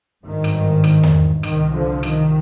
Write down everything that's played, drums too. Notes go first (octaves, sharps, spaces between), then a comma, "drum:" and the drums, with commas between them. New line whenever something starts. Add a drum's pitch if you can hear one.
G#1 G2 D#3
drum: rim click
drum: rim click
drum: tom E2
C2 C3 D#3, drum: rim click
D3 F3
D#3, drum: rim click